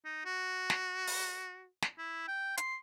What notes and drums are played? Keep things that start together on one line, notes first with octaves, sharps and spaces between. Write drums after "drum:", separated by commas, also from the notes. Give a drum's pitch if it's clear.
D#4
F#4
drum: snare
drum: open hi-hat
drum: snare
E4
G5
C6, drum: hi-hat